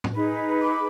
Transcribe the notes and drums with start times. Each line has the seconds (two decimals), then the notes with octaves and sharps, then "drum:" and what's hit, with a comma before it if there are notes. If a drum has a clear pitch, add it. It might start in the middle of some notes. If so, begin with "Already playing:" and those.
0.04 drum: tom
0.13 D#4 G#4 B4
0.61 B5 D6